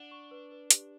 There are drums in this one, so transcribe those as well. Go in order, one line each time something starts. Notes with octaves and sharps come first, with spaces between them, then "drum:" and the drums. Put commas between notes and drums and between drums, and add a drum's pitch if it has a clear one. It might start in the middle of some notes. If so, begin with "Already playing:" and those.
Already playing: D4 F#5
C#6
B4
B4
G4, drum: hi-hat